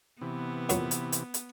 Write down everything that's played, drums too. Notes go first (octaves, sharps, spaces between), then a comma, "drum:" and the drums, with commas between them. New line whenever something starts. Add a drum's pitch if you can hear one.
C3 E3 B3
F#2 A#2 F#3, drum: hi-hat
drum: hi-hat
drum: hi-hat
drum: hi-hat